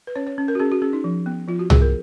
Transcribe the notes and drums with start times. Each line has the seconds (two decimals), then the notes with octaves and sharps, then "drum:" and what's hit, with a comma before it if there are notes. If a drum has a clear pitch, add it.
0.07 B4
0.16 C#4 C#5
0.27 C#5
0.38 C#4
0.48 A#4
0.55 F#4
0.60 C#4 G#4
0.72 F#4
0.82 C#4 G#4
0.93 D#4
1.04 F3
1.26 B3
1.48 F3 F4
1.59 F#4
1.70 B3 G#4, drum: tom C2
1.82 A#4